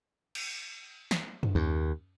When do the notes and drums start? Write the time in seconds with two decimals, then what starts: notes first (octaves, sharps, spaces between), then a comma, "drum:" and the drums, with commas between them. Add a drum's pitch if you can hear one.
0.35 drum: cymbal
1.11 drum: snare
1.43 drum: tom F#2
1.55 D#2